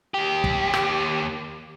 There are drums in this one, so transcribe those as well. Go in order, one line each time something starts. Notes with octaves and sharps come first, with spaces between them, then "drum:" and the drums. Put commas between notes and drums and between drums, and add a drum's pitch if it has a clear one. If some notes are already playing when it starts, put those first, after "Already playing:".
D#2 G4
drum: kick
drum: rim click